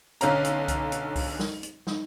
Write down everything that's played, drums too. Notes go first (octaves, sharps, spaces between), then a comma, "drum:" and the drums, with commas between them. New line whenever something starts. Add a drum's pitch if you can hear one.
B1 D3 C#4 F5 A#5, drum: hi-hat
drum: hi-hat
drum: kick C2, hi-hat
drum: hi-hat
drum: kick C2, open hi-hat
drum: snare
drum: hi-hat
drum: snare